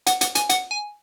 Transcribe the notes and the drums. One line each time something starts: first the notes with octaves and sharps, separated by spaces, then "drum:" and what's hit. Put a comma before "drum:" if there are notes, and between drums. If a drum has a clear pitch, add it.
F#5, drum: hi-hat
F#5, drum: hi-hat
G#5, drum: hi-hat
F#5, drum: hi-hat
G#5